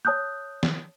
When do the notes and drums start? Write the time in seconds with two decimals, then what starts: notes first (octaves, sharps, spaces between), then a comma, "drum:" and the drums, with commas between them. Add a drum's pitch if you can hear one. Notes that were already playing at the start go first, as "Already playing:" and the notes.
0.05 C#5 A5 D#6 F#6 G6
0.63 drum: snare